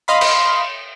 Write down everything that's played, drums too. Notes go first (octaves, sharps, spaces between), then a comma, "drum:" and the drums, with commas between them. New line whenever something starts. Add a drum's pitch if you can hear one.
D#5 F5 B5 C6
drum: cymbal